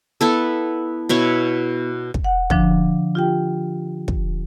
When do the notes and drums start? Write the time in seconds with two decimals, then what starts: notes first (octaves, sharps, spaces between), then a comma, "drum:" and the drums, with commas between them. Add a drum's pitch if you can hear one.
0.21 B3 E4 A4
1.09 B2 E4 C#5
2.14 drum: kick
2.24 F#5
2.50 D3 F3 D4, drum: kick
3.15 F4 G4 G5
4.08 drum: kick